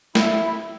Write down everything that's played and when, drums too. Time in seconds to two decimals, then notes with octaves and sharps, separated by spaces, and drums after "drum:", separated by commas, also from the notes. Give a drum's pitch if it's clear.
0.15 E4, drum: snare